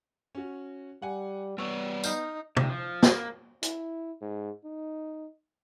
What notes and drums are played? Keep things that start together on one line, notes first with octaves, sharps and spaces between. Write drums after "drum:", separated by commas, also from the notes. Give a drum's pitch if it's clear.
C#4 F#4
G3 F#5 G#5
G3 B3 C#5 D5 C#6 E6
D#4 F6 G6, drum: tambourine
C3, drum: tom
F3
A#3, drum: snare
E4, drum: hi-hat
G#2
D#4